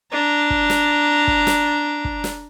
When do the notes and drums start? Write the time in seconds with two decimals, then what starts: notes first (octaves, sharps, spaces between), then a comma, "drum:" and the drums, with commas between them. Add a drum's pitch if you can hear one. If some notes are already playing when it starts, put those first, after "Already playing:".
0.12 D4 A#5
0.50 drum: kick
0.70 drum: snare
1.27 drum: kick
1.47 drum: snare
2.05 drum: kick
2.24 drum: snare